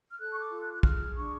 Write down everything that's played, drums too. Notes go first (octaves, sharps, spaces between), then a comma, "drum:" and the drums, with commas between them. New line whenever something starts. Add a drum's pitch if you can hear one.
F6
A4 F#6
C#6
D6
F4
F#6
F#6
G#4 F6, drum: kick
D4 C#6